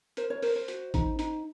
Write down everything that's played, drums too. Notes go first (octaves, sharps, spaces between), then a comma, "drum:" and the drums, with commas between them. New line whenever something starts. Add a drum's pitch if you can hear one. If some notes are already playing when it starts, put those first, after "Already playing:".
A#4 C5, drum: hi-hat
C#5
A#4 C5, drum: open hi-hat
C5
F#4, drum: hi-hat
D#4, drum: kick G#1, hi-hat
D#4, drum: hi-hat